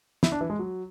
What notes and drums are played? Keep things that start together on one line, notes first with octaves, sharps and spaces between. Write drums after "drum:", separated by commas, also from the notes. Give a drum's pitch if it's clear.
E4, drum: snare
D4
E3
G#3
F#3